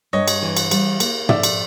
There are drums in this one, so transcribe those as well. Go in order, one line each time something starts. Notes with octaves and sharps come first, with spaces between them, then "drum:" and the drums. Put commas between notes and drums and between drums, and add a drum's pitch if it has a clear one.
G2 C#5 D#5
drum: cymbal
E3
drum: cymbal
G3, drum: cymbal
A#3, drum: cymbal
F2 D5 E5, drum: tom
drum: cymbal